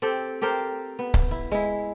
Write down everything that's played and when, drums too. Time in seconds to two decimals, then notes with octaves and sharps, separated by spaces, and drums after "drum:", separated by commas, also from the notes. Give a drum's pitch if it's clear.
0.02 C4 G4 A4
0.41 G4 A4 A#4 C5
0.99 B3
1.14 drum: kick C#1
1.31 E4
1.51 G#3 E4